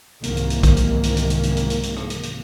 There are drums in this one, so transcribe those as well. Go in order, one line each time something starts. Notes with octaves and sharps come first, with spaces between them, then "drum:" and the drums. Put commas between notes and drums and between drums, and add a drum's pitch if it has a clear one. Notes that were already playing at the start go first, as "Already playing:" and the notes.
C2 G#2 C3 D#3 E3 A#3, drum: hi-hat
drum: hi-hat
drum: hi-hat
drum: kick A#1, hi-hat
drum: hi-hat
drum: hi-hat
drum: hi-hat
drum: hi-hat
drum: hi-hat
drum: hi-hat
drum: hi-hat
drum: hi-hat
drum: rim click
drum: hi-hat
drum: hi-hat